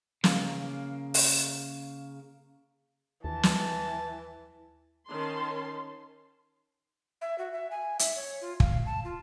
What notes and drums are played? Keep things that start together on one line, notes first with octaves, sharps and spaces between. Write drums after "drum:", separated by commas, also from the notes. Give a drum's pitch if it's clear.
C#3 A#3, drum: snare
drum: open hi-hat
D#2 E3 A5
drum: snare
D#3 C#4 A5 C6
E5
F#4
E5
G#5
E5, drum: hi-hat
C#5
F4
F5, drum: kick
A5
F4